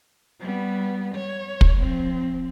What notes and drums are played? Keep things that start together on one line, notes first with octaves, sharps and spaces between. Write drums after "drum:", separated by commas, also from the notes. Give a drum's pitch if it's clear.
G3 B3
C#5
drum: kick
F3 C4